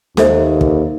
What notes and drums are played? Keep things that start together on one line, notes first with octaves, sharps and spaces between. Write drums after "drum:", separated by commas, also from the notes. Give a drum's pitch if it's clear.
D#2 A4 C5 E5, drum: snare
drum: kick